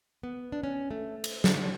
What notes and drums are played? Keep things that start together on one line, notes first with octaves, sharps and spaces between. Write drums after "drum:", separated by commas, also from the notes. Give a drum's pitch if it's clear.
B3
D4
C#4
A3
drum: cymbal
D3, drum: snare